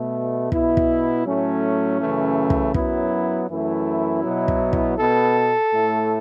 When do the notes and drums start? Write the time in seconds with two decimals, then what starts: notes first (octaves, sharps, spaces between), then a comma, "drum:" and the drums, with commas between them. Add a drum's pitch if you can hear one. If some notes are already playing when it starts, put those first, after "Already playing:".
Already playing: B2 A3
0.52 B2 B3 E4, drum: kick
0.77 drum: kick
1.26 A2 F#3 A3 C#4
2.01 F#2 C#3 E3 A3
2.50 drum: kick
2.74 F#2 F#3 B3 E4, drum: kick
3.49 F#2 E3 A3 E4
4.24 B2 F#3 B3
4.48 drum: kick
4.73 drum: kick
4.97 B2 B3 A4
5.72 A2 A3